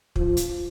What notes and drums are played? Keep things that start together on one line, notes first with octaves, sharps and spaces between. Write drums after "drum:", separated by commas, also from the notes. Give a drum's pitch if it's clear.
F3, drum: kick
drum: hi-hat